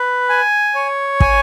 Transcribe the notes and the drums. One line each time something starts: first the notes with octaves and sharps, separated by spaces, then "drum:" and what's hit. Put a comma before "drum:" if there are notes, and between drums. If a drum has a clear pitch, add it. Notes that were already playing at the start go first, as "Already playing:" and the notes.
Already playing: B4
G#5
C#5
G#5, drum: kick